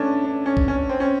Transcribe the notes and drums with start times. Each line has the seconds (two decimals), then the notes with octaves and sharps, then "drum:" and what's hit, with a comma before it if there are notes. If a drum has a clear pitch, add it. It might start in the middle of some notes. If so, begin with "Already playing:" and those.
Already playing: A3 C#4 D4
0.25 D4
0.46 C#4
0.57 drum: kick A1
0.68 C#4
0.89 C4
1.00 C#4